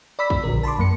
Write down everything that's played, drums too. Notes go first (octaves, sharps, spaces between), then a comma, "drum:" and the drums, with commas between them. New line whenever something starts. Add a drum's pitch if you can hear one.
D5 B5 E6 B6
drum: kick
A#1 D3 A#4
A5 B5 C6 D6
F#2 A#3 C#7